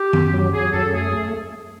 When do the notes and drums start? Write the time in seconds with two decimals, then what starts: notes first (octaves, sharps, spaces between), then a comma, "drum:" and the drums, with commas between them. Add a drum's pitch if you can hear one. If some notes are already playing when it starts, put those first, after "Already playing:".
Already playing: G4
0.13 F#2, drum: tom D#3
0.34 F#3
0.53 F#3 G#4
0.73 F#2 A4
0.93 A3 G#4
1.13 A3